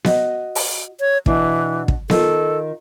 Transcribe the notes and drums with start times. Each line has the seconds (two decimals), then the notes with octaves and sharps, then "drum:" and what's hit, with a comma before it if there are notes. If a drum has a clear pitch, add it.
0.05 F#4 D#5, drum: snare B3
0.55 drum: open hi-hat
1.00 C#5
1.26 B2 E3 D4, drum: kick
1.88 drum: kick
2.10 D#3 D#4 F4 A4, drum: snare B3